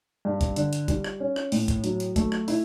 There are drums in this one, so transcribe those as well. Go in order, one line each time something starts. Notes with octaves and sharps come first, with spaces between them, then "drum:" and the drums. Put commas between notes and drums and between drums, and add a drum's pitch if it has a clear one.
G2
drum: kick G1, hi-hat
D3, drum: hi-hat
drum: hi-hat
G3, drum: kick G1, hi-hat
drum: rim click
C#4
drum: rim click
A2, drum: open hi-hat
drum: kick G1, hi-hat
F#3, drum: hi-hat
drum: hi-hat
A3, drum: kick G1, hi-hat
drum: rim click
E4, drum: open hi-hat